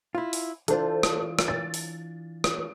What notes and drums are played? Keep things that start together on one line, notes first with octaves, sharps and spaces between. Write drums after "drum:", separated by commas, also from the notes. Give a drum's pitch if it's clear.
E4 F4
drum: open hi-hat
E3 D4 F4 A4 C5, drum: hi-hat
drum: rim click
drum: rim click
A6
drum: open hi-hat
drum: rim click